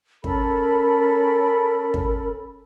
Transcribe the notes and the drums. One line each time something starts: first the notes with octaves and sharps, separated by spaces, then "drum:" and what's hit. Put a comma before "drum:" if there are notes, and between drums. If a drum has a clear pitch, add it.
C#4 A4 A#4 B5, drum: kick
drum: kick